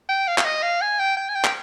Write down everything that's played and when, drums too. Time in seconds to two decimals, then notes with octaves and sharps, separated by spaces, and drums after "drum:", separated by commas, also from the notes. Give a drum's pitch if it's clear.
0.09 G5
0.28 F5
0.38 F5, drum: clap
0.45 D#5
0.63 F5
0.81 G#5
0.99 G5
1.17 G5
1.29 G#5
1.35 G5
1.44 drum: clap